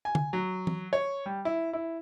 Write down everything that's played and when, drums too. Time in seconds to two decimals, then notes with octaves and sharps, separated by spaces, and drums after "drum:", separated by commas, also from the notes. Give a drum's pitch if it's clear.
0.05 G#5
0.15 drum: tom
0.33 F#3
0.67 drum: tom E3
0.93 C#5
1.26 G3
1.45 E4
1.73 E4